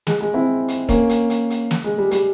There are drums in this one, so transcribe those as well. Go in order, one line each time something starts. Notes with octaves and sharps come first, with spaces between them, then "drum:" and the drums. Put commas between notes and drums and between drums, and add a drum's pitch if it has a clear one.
G#3, drum: snare
G#3
C4 E4
drum: hi-hat
A#3 C#4, drum: kick, hi-hat
drum: hi-hat
drum: hi-hat
drum: hi-hat
drum: snare
G#3
G3
G3, drum: hi-hat